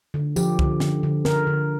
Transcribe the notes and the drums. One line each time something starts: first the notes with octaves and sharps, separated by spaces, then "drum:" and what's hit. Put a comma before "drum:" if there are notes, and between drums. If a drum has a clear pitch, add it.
D3
F3 G4, drum: tambourine
D3, drum: kick C2
D3, drum: snare
D3
D3 A#4, drum: snare
D3